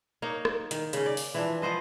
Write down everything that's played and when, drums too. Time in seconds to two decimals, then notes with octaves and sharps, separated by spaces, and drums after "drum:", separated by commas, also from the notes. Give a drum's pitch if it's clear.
0.22 A#3 D#4 C#5
0.45 drum: rim click
0.71 D#3, drum: hi-hat
0.93 C#3 C#4, drum: hi-hat
1.06 D5
1.17 drum: open hi-hat
1.35 E3 F3 D4
1.62 F3 B3 C5 D#5